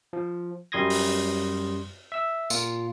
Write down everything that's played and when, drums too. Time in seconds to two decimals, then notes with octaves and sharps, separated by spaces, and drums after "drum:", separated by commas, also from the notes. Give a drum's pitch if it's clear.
0.13 F3
0.72 F#2 G3 C6 D#6 G#6 A#6
0.90 drum: open hi-hat
2.12 E5 E6
2.50 A#2 F4, drum: tambourine